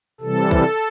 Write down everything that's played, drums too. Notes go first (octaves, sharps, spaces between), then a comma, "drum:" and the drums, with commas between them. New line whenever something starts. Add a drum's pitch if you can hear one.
C3 E3 G3 A4
drum: kick